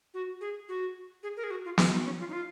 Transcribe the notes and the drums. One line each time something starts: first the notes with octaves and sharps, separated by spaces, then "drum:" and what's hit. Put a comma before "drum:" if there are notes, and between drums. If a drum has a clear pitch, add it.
F#4
G#4
F#4
G#4
A#4
G#4
F#4
F4
F4, drum: snare
D#4
C#4
F4
D#4
F4